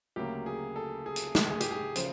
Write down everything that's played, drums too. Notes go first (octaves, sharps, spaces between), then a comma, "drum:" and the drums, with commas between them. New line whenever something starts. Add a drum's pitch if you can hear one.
D2 C#3 F#3 A#3 G4
G#4
A4
G#4
drum: hi-hat
drum: snare
G#4
G4, drum: hi-hat
G#4
C#3 F3 C5, drum: hi-hat